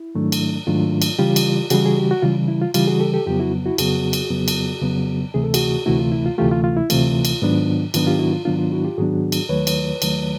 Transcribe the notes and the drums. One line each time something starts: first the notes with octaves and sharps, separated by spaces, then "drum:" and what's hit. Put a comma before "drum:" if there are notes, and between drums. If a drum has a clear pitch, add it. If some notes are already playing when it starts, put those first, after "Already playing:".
Already playing: E4
G#2 D#3 F#3 A3 D4
drum: cymbal
G#2 D#3 F#3 A3 D4 F4
drum: cymbal
C#3 E3 G3 F4 G4
drum: cymbal
C#3 E3 G3 F#4 G#4, drum: cymbal
G#4
G4
F#4
C#3 E3 G3 F4
E4
F4
C#3 E3 G3 F4 G4, drum: cymbal
F#4 G#4
G4 A4
G4 A4
F2 C#3 F#3 B3 F4 G4
E4 F#4
E4 F#4
F2 C#3 F#3 B3 F#4 G#4, drum: cymbal
drum: cymbal
F2 C#3 F#3 B3
drum: cymbal
F2 C#3 F#3 B3
D2 C3 E3 A3 G#4
A4
F#4 G#4, drum: cymbal
D2 C3 E3 A3 E4 F#4
F4
E4
F4
D2 C3 E3 A3 F4 G4
F4
F4
E4
D2 C3 E3 A3 F4, drum: cymbal
drum: cymbal
G#2 D#3 F#3 B3 D4
G#2 D#3 F#3 B3 D4 F4, drum: cymbal
F4 G4
E4 F#4
F4
G#2 D#3 F#3 B3 D4 F4
F4
E4 F#4
F4 G4
G#2 D#3 F#3 B3 D4 F#4 G#4
drum: cymbal
D#2 D#3 F#3 A3 B4 C#5
drum: cymbal
D#2 D#3 F#3 A3, drum: cymbal